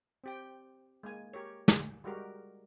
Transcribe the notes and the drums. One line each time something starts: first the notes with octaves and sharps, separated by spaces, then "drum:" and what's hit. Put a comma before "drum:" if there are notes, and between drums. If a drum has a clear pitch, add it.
C4 G4 G5
G#3 A#3 G#5
G4 A#4 C#5
drum: snare
G3 G#3 F#4 G4 A#4